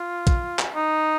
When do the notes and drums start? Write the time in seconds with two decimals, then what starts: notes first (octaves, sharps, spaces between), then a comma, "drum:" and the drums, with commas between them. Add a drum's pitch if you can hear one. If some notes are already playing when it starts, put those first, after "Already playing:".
Already playing: F4
0.27 drum: kick, hi-hat
0.59 drum: clap
0.75 D#4